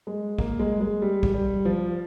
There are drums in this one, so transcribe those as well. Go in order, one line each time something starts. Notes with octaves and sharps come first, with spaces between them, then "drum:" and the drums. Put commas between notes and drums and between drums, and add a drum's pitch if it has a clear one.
G#3
A#3, drum: kick
G#3
G#3
G3
drum: kick
G3
F3